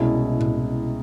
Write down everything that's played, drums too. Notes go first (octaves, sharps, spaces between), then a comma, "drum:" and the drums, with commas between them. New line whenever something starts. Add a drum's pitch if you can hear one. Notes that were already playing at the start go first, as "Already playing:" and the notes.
Already playing: C2 B2 G#3 C#4 E4
drum: tom A2